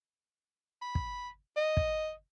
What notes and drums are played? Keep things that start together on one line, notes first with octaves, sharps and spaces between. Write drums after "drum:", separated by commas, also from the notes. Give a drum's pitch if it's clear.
B5
drum: kick
D#5
drum: kick